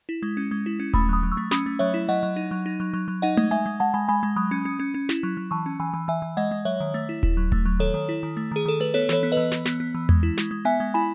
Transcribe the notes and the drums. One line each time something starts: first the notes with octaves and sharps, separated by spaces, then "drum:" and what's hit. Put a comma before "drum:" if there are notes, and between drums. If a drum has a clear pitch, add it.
E4
G#3
C#4
G#3
E4
C#4
A3 B5 D#6, drum: kick D#1
F#3 B5 D#6
F#3
C#6 E6
A3
C#4 B5 D#6, drum: snare
A3
F#3 C#5 E5
E4
F#3 D#5 F#5
F#3
D#4
F#3
D#4
F#3
F#3
F#3
D#4 D#5 F#5
G#3, drum: tom A3
G#3 E5 G#5
G#3
G#3 F#5 A5
G#3 G#5 B5
G#3 G#5 B5
G#3
F#3 B5 D#6
C#4
C#4
C#4
C#4
E4, drum: snare
F#3
F#3
E3 A5 C#6
C#4
E3 G#5 B5
E3
E3 E5 G#5
E3
G#3 D#5 F#5
G#3
F#3 C#5 E5
D#3
A3
E4
E4, drum: kick D#1
F#3
A3, drum: kick D#1
F#3
D#3 A4 C#5
D#3
E4
D#3
A3
D#3 G#4
D#3 A4
A3 B4
B3 A4 C#5
E3 A4 C#5, drum: snare
B3
B4 D#5
E3
E3, drum: snare
B3, drum: snare
B3
E3
G#3, drum: tom E2
E4
G#3, drum: snare
G#3
B3 E5 G#5
G#3
E4 G#5 B5